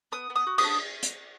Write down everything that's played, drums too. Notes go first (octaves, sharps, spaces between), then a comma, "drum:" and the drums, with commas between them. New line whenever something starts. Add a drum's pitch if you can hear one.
B3 D#6
B3
D#6
F#4
D#6, drum: cymbal
D4
drum: hi-hat